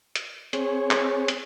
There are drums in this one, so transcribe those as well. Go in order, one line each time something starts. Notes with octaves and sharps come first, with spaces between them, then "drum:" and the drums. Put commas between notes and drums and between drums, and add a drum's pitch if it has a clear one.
drum: hi-hat
C4 G#4 C#5, drum: hi-hat
drum: clap
drum: hi-hat